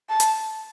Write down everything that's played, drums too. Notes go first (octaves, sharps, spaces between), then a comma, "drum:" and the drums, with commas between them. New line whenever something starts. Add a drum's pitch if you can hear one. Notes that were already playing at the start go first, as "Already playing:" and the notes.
A5
drum: hi-hat